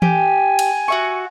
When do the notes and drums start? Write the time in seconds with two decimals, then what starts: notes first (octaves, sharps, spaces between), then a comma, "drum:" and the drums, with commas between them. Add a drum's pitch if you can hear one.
0.02 G4 G#5, drum: tom E3
0.59 drum: cymbal
0.88 F#4 E5 C#6